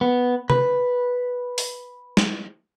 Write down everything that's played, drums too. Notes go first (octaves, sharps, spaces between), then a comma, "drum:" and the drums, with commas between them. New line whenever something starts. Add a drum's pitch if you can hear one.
B3
B4, drum: tom C3
drum: open hi-hat
drum: snare